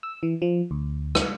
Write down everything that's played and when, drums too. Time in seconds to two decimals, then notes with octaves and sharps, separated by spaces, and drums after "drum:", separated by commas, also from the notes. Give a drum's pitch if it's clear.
0.03 E6
0.23 E3
0.42 F3
0.71 D2
1.15 drum: rim click